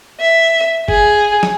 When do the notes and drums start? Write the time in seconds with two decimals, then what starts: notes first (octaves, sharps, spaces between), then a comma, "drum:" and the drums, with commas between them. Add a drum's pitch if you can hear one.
0.20 E5
0.88 G#4, drum: kick
1.43 drum: snare